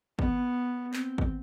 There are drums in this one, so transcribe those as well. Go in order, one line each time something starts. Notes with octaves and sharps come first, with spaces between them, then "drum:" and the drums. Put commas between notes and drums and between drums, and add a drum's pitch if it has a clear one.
B3, drum: kick G#1
C4, drum: clap
drum: kick G#1